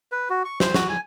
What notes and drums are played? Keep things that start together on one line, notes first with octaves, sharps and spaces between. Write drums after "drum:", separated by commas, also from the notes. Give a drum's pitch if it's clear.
B4
F#4
C#6
C5, drum: snare
F#4, drum: snare
G#5